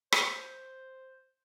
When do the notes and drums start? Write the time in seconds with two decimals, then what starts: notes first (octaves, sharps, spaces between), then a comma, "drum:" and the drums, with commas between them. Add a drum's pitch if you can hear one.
0.12 C5, drum: rim click